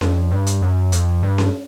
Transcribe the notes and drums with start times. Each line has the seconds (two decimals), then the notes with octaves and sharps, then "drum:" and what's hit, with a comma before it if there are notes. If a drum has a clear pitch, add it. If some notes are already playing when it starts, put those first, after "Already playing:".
0.01 F2, drum: snare C#4
0.31 G2
0.47 drum: hi-hat
0.62 F#2
0.92 F2, drum: hi-hat
1.23 G2
1.38 drum: snare C#4